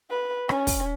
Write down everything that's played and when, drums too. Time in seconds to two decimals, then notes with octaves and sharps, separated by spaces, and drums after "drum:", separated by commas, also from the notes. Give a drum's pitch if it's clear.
0.10 B4
0.49 C#4, drum: rim click
0.67 drum: kick, open hi-hat